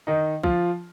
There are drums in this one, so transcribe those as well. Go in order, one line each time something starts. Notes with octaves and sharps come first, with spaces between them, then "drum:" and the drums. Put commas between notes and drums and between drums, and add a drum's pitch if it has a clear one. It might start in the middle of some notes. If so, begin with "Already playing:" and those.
D#3 D#4
F3 F4, drum: kick